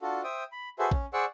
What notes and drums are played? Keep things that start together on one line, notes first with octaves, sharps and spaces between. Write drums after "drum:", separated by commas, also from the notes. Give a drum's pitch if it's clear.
D4 F4 F#4 A4
C5 E5 G5 D#6
B5
F#4 G#4 A4 B4 C5 E5
C#4, drum: kick A#1
G#4 C5 D5 F#5 C#6 E6